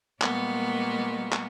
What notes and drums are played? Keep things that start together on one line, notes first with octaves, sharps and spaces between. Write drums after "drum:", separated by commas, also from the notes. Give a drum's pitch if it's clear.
A#2 G3 G#3 A#3 B3 C#6, drum: clap
drum: clap